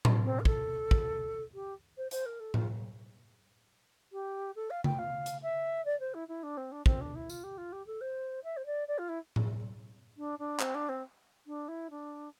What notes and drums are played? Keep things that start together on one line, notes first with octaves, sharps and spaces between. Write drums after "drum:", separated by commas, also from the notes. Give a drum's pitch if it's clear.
drum: tom A2
C4
A#4
A4, drum: kick
drum: kick
G4
C5
C5, drum: hi-hat
A#4
A4
F4, drum: tom A2
G4
A4
F5
G5, drum: tom C#3
F5
drum: hi-hat
E5
D5
C5
E4
E4
D4
C4
D4
C4, drum: kick
D4
E4
F4, drum: tambourine
G4
F4
G4
A4
C5
E5
C5
D5
D5
F4
E4
drum: tom A2
D4
D4
C4, drum: clap
D4
C4
D4
E4
D4